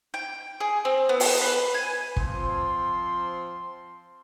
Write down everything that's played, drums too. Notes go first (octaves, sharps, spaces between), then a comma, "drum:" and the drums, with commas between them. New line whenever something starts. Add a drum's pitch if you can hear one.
G5
G#4
C4
B3
drum: open hi-hat
B4
G#5
F3 C4 C6, drum: kick